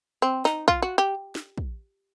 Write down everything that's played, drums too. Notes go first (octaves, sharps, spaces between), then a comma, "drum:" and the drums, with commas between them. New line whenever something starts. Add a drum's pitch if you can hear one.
C4
D#4, drum: snare
F4, drum: kick
F#4
G4
drum: snare
drum: kick